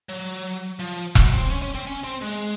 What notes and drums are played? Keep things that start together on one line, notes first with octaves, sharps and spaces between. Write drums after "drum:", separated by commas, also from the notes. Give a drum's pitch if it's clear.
F#3
F3
F#3, drum: kick E1
C4
C#4
C#4
C4
C#4
C4
G#3